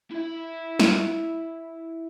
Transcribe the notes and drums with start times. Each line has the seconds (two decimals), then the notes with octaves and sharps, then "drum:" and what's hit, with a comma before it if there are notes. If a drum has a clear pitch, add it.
0.11 E4 E5
0.79 drum: snare